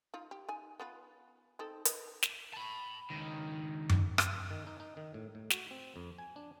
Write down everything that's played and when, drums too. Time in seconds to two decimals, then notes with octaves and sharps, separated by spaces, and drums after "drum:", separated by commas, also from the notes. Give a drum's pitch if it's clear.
0.14 D#4 F4
0.31 G4
0.48 D#4 G#5
0.80 B3 F4 B4
1.59 C4 D#4 A4
1.85 A#4 B4 D#5, drum: hi-hat
2.23 drum: snare
2.54 A5 B5
3.10 C#2 D#3
3.89 drum: tom F#2
4.18 drum: rim click
4.51 D#3
4.67 D#4
4.80 D#4
4.97 D#3
5.14 A2
5.35 A2
5.50 F#4, drum: snare
5.71 C4
5.96 F2
6.18 G#5
6.36 D4